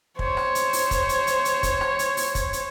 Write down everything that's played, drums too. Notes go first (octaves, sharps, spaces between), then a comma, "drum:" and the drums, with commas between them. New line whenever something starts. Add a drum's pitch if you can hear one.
C5 C#5, drum: kick
drum: rim click
drum: hi-hat
drum: open hi-hat
drum: kick, hi-hat
drum: hi-hat
drum: hi-hat
drum: hi-hat
drum: kick, hi-hat
drum: rim click
drum: hi-hat
drum: open hi-hat
drum: kick, hi-hat
drum: hi-hat